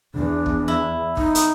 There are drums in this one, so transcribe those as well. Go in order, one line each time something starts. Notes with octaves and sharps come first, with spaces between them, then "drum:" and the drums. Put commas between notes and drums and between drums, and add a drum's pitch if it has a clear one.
E2 D4
drum: kick
E4
D#4, drum: kick
drum: hi-hat